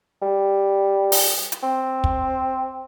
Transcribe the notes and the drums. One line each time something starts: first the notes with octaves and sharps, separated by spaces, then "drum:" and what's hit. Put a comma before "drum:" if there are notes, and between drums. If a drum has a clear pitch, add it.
G3
drum: open hi-hat
drum: hi-hat
C4
drum: kick